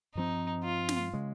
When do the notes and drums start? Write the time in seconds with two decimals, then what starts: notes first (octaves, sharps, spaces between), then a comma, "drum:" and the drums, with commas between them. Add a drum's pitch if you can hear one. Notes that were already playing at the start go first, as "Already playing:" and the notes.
0.15 G2 F3 C4 D#4
0.64 F4
0.89 drum: snare
1.14 C#3 G#3